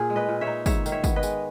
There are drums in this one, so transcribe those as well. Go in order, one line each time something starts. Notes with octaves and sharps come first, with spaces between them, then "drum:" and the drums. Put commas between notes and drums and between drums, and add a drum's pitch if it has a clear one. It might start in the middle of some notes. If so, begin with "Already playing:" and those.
Already playing: A#2 G#4
G#3
B4 D#5
A#2
C#5 E5
D#4
G#2 C#5 E5, drum: kick, tambourine
D#3, drum: tambourine
C#5 E5
B3, drum: kick, tambourine
B4 D#5
G#3, drum: tambourine